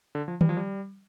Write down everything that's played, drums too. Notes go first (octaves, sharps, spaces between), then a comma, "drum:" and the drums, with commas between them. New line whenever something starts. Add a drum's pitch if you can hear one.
D3
F3
G3, drum: tom D#3
F3
G3